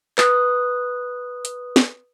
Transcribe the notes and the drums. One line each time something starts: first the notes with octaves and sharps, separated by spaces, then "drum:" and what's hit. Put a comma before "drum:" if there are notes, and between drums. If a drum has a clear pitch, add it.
B4 D#6 F#6, drum: clap
drum: hi-hat
drum: snare